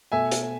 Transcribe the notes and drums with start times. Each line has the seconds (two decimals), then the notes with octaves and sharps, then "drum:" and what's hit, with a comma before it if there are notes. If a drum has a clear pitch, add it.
0.12 B2 A3 E5 G#5
0.31 drum: hi-hat